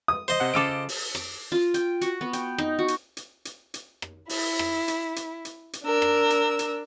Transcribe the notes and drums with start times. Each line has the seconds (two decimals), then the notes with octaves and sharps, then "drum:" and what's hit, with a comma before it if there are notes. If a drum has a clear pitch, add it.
0.08 D#6
0.28 C5 D#5
0.40 C3 F#5
0.54 C#3 F4 A4 D6 E6 D7
0.89 drum: open hi-hat
1.15 D6, drum: rim click
1.52 F4
1.74 G5, drum: hi-hat
2.01 F#4, drum: hi-hat
2.21 B3
2.33 G5, drum: hi-hat
2.58 D#4, drum: rim click
2.79 F#4
2.88 drum: hi-hat
3.17 drum: hi-hat
3.45 drum: hi-hat
3.74 drum: hi-hat
4.02 drum: rim click
4.29 E4, drum: open hi-hat
4.59 drum: rim click
4.88 drum: hi-hat
5.16 drum: hi-hat
5.45 drum: hi-hat
5.73 drum: hi-hat
5.84 D4 A#4 E6
6.02 drum: rim click
6.30 drum: hi-hat
6.59 drum: hi-hat